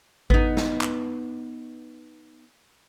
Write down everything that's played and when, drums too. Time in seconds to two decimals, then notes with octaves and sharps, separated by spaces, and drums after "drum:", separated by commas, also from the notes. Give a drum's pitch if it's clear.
0.30 B3 D#4, drum: kick G#1
0.57 drum: snare
0.81 drum: clap